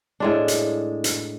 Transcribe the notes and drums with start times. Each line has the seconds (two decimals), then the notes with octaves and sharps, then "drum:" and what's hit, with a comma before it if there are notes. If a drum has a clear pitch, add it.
0.20 A2 G#3 D4
0.48 drum: hi-hat
1.04 drum: hi-hat